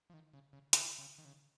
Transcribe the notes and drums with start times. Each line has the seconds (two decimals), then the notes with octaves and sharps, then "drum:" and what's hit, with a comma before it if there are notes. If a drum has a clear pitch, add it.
0.10 F3
0.14 D#3
0.33 C#3
0.53 C#3
0.73 C#3, drum: hi-hat
0.98 C#3
1.19 D#3
1.25 C#3